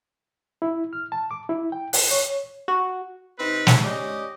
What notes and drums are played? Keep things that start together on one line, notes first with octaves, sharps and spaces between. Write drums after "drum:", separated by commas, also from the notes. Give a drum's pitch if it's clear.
E4
F6
A5
D6
E4
G5
F#6, drum: open hi-hat
C#5
F#4
C3 C4 D#4 B4
drum: snare
C#4 G4 D5 D#5